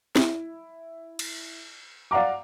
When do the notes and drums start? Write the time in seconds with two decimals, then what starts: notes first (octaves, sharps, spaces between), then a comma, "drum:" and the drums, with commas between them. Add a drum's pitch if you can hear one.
0.16 E4, drum: snare
1.19 drum: cymbal
2.11 D5 F5 F#5 A#5 D6